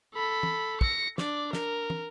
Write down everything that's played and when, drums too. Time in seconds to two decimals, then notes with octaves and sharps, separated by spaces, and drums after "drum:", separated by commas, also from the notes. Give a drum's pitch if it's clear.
0.14 A4 B5
0.43 drum: tom
0.81 A#6 C#7, drum: kick
1.18 D4 D5, drum: snare
1.53 A#4, drum: snare
1.90 drum: tom